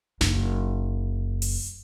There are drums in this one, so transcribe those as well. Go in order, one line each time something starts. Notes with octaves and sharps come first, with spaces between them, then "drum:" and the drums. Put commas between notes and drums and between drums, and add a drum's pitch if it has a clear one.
F#1 D#4, drum: snare
drum: open hi-hat